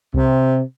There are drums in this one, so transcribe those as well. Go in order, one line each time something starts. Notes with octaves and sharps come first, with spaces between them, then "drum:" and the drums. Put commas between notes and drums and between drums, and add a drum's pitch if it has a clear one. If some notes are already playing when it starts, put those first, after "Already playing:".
C3, drum: kick C2